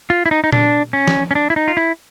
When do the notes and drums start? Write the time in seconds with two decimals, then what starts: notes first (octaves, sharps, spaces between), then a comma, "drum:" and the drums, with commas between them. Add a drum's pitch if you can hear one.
0.10 F4
0.26 E4
0.31 D#4
0.44 D#4
0.52 D4, drum: tom A#2
0.93 C#4
1.08 drum: snare
1.31 C#4
1.35 D4
1.50 E4
1.56 D#4
1.68 F4
1.77 E4